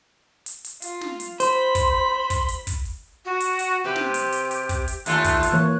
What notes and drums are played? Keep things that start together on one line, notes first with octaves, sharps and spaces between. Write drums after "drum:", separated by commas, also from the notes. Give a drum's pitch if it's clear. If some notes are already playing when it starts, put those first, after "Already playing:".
drum: hi-hat
drum: hi-hat
F4, drum: hi-hat
drum: snare
drum: hi-hat
C5 B5, drum: hi-hat
drum: kick, hi-hat
drum: kick, hi-hat
drum: hi-hat
drum: kick, hi-hat
drum: open hi-hat
F#4
drum: hi-hat
drum: hi-hat
C3 G4 B4
drum: snare
drum: hi-hat
drum: hi-hat
drum: hi-hat
drum: kick, hi-hat
drum: hi-hat
D#2 A3 F4 F#6, drum: hi-hat
drum: kick, hi-hat
drum: hi-hat
E3 A#3 C#5